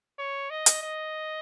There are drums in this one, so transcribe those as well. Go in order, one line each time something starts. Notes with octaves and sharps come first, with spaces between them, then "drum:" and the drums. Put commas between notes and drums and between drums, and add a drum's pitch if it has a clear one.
C#5
D#5
drum: hi-hat
D#5